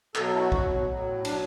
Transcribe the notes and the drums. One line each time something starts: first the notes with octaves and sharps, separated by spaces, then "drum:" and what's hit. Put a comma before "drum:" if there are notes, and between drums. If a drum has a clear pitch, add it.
B2 F#3 A4, drum: clap
A4
E4
F#4
B2 F#3, drum: kick
A2 F#3
B2 F#3 D4, drum: cymbal